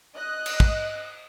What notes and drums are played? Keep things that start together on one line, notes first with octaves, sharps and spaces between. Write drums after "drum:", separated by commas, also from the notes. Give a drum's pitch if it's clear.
D#5 F#6
drum: cymbal
drum: kick